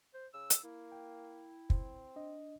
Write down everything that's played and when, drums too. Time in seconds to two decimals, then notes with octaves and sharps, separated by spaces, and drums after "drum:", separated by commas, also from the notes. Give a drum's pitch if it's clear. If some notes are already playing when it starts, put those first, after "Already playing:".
0.14 C5
0.34 C#3 E6
0.50 drum: hi-hat
0.64 A#3 E4
0.92 G5
1.70 C4, drum: kick
2.16 D4 D#5